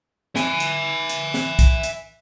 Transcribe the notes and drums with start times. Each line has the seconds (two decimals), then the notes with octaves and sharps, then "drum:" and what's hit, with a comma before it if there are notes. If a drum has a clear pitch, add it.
0.36 E5 G#5, drum: snare
0.60 drum: hi-hat
1.10 drum: hi-hat
1.34 drum: snare
1.59 drum: kick, hi-hat
1.83 drum: hi-hat